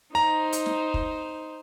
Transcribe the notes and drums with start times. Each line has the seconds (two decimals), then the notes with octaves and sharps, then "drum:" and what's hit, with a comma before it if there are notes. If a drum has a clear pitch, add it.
0.15 D#4 C5 A#5
0.53 drum: hi-hat
0.66 drum: snare
0.94 drum: kick